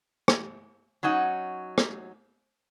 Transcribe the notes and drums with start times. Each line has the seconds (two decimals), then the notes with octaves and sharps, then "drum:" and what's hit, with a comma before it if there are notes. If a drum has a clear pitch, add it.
0.28 drum: rim click
1.03 F#3 C#4 D#4 F#5
1.78 drum: rim click